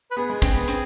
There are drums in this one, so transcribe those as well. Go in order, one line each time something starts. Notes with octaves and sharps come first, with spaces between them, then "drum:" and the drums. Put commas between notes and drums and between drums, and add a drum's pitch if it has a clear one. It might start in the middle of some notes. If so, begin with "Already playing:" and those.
B4
B3 G#4
G#3
C4, drum: kick
B3
C4, drum: hi-hat